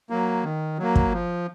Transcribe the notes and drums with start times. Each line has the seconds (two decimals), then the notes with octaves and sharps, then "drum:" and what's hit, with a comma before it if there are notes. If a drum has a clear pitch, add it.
0.10 F#3 A#3
0.43 D#3
0.78 F#3 A#3
0.96 drum: kick
1.12 F3